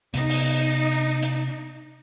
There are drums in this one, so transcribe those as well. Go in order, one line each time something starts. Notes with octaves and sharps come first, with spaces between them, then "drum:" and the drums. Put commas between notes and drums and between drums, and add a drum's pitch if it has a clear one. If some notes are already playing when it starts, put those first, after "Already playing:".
C3 B3 D#4, drum: hi-hat
drum: open hi-hat
drum: hi-hat